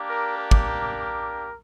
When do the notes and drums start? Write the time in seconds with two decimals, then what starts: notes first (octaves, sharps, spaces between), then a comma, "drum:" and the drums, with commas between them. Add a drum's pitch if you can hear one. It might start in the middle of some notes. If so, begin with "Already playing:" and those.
Already playing: A#3 D4 G4
0.08 A#4
0.37 A#4
0.51 drum: kick